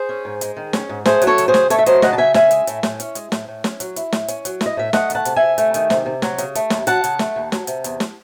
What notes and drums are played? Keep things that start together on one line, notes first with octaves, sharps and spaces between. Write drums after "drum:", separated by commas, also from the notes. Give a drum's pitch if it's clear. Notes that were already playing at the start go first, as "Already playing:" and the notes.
Already playing: G#4 C5
C#4
G#2
G#3, drum: hi-hat
D#3
C#4, drum: snare
G#2
A3 G#4 C5, drum: snare
F#3, drum: hi-hat
A4 C#5
C#3, drum: hi-hat
G#4 C5
C#3, drum: snare
A3 A4 C#5, drum: hi-hat
E5
F#3 C5 D#5, drum: hi-hat
C#3 D#5 F#5, drum: snare
A5
C#3 E5 G#5
C#4 E5 G#5, drum: snare
G#3, drum: hi-hat
A2, drum: hi-hat
A2, drum: snare
C#4, drum: hi-hat
G#3, drum: hi-hat
A2, drum: snare
A2
C#4, drum: snare
F#3, drum: hi-hat
E4, drum: hi-hat
A2, drum: snare
C#4, drum: hi-hat
F#3, drum: hi-hat
E4, drum: snare
D#5
A2 E5
A3 D#5 F#5, drum: snare
D#3, drum: hi-hat
F#5 A5
C3, drum: hi-hat
C3 E5 G#5
A3, drum: hi-hat
D#3, drum: hi-hat
C3, drum: snare
C3
F#3, drum: snare
C#3, drum: hi-hat
A3, drum: hi-hat
D#2, drum: snare
F#3 F#5 A5, drum: hi-hat
C#3, drum: hi-hat
A3, drum: snare
D#2
F#3, drum: snare
C3, drum: hi-hat
E2, drum: hi-hat
drum: snare